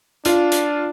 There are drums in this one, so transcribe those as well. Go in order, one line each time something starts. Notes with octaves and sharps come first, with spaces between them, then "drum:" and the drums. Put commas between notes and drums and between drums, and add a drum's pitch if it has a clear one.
D4 F4, drum: hi-hat
drum: hi-hat